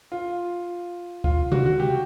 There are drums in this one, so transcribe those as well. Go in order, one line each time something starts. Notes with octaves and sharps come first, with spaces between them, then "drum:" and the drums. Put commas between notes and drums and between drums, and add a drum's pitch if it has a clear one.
F4
F4, drum: kick C#2
F#4, drum: tom C3
F#4
G4